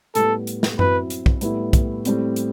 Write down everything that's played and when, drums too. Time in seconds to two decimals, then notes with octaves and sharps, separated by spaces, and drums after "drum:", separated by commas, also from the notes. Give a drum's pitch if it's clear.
0.15 A2 G3 B3 A4, drum: hi-hat
0.47 drum: hi-hat
0.63 drum: snare
0.79 F#3 C4 E4 B4, drum: tom F#2
1.10 drum: hi-hat
1.26 drum: kick
1.41 A2 G3 B3 E4, drum: hi-hat
1.73 drum: kick, hi-hat
2.05 A2 G3 C4, drum: hi-hat
2.36 drum: hi-hat